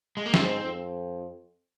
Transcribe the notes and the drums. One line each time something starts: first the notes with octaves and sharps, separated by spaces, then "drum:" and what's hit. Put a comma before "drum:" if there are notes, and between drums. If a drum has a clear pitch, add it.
G#3
A#3
G#2 C4, drum: snare
F2